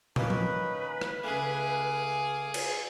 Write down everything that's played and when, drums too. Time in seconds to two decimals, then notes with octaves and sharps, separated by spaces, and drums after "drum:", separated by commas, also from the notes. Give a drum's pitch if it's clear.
0.16 D#3 A#3 C#4 D#4 B4, drum: tom
0.30 drum: tom F3
1.01 drum: rim click
1.24 C#2 A3 G#4 F5 G#5 D6
2.54 drum: cymbal